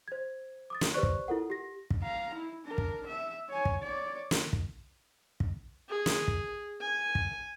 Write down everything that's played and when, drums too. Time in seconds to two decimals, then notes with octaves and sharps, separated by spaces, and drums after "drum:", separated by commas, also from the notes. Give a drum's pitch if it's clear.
0.08 C5 G#6
0.70 D6 D#6 A6
0.81 drum: snare
0.93 G4 B4 C5 D5 C#6 F#6
1.03 drum: kick
1.28 E4 F4 A4 A#4 F#5
1.50 G4 A#6
1.91 drum: kick
2.02 F5 A#5
2.34 E4
2.64 D4 A#4
2.78 drum: kick
3.06 E5
3.49 C#5 G#5
3.65 drum: kick
3.82 C#5 D5
4.31 drum: snare
4.53 drum: kick
5.40 drum: kick
5.89 G#4
6.06 drum: snare
6.28 drum: kick
6.81 G#5
7.15 drum: kick